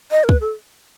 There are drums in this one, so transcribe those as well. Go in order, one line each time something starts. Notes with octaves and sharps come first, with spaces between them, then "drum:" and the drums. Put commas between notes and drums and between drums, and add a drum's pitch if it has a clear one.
D#5
A#4
B4, drum: kick
A4